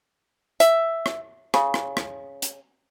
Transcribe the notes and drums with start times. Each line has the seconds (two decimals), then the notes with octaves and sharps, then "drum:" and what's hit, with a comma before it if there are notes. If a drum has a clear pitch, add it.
0.60 E5, drum: hi-hat
1.06 drum: rim click
1.54 C#3, drum: rim click
1.74 drum: rim click
1.97 drum: rim click
2.42 drum: hi-hat